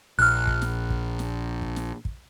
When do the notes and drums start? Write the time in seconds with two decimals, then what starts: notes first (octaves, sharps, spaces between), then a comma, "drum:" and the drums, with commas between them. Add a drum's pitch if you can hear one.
0.19 A#1 F6 F#6
0.47 drum: kick
0.62 drum: snare
0.90 drum: kick
1.19 drum: snare
1.62 drum: kick
1.76 drum: snare
2.05 drum: kick